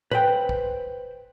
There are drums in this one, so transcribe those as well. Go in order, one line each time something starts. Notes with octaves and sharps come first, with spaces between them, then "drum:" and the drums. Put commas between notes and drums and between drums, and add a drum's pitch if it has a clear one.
B4 C5 G5, drum: tom
drum: kick